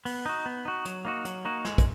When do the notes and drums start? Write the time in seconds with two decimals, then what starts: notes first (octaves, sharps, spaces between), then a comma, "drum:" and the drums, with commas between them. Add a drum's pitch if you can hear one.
0.05 B3, drum: open hi-hat
0.26 D#4 F#4
0.46 B3
0.65 D#4 F#4
0.85 F#3, drum: hi-hat
1.05 A#3 D#4 F#4
1.25 F#3, drum: hi-hat
1.45 A#3 D#4 F#4
1.65 G#3, drum: snare
1.78 drum: kick, hi-hat